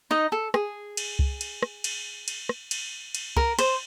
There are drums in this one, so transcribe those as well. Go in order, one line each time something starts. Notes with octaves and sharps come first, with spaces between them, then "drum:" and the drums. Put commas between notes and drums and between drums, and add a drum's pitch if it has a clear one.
D#4 D#5
A4
G#4, drum: rim click
drum: cymbal
drum: kick
drum: cymbal
drum: rim click
drum: cymbal
drum: cymbal
drum: rim click
drum: cymbal
drum: cymbal
A#4, drum: kick
C5, drum: cymbal